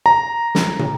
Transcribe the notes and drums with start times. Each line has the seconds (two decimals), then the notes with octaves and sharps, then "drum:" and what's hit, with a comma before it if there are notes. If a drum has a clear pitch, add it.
0.06 A#5
0.55 drum: snare
0.79 drum: tom